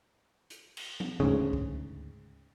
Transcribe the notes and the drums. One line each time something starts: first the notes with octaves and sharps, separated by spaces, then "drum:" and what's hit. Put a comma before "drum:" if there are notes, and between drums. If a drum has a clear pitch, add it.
drum: hi-hat
drum: cymbal
drum: tom F3
D2 G#2 C#3
drum: kick C2